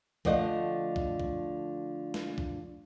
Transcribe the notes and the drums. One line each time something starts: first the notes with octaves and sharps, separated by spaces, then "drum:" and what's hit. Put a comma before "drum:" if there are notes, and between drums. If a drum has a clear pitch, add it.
D3 F3 A3 D5 D#5 F#5, drum: kick
drum: kick
drum: kick
drum: snare G#3
drum: kick